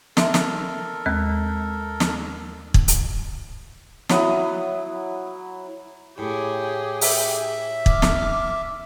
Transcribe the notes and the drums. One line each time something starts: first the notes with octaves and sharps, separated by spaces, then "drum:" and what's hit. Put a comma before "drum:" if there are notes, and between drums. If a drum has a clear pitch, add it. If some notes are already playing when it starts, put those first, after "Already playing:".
C4 A4 A#4 E5 C6, drum: snare
drum: snare
D#2 G#3 C4
drum: snare
drum: kick
drum: hi-hat
F#3 E4 F#5 D#6, drum: snare
A2 G4 G#4
E5, drum: open hi-hat
D6 F6, drum: kick
drum: snare